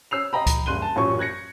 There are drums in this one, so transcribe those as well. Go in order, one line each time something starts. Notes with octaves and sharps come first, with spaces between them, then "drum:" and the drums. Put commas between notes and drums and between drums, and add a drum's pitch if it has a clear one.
C#4 E6 C7 F7
D#5 G5 A#5 B5
drum: kick C#2, hi-hat
F#1 G3 C6 F#6 D#7 G7
A5
A1 F#2 A#2 C#5 C#6
F#6 G#6 A#6 C#7